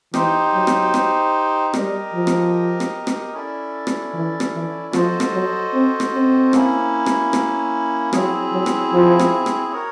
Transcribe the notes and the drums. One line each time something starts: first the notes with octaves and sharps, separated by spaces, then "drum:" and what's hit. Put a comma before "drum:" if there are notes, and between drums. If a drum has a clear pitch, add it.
E3 D#4 G4 C5, drum: rim click
F#3
drum: rim click
drum: rim click
G3 G4 A#4 D#5, drum: rim click
F3
drum: rim click
drum: rim click
drum: rim click
C#4 E4 A4 D5
drum: rim click
E3
drum: rim click
E3
F3 F#4 A4 C5 D#5, drum: rim click
drum: rim click
F#3
C4
drum: rim click
C4
A#3 C#4 E4, drum: rim click
drum: rim click
drum: rim click
F#3 C4 E4 G#4, drum: rim click
F#3
drum: rim click
F3
drum: rim click
drum: rim click
F#4 A#4 C#5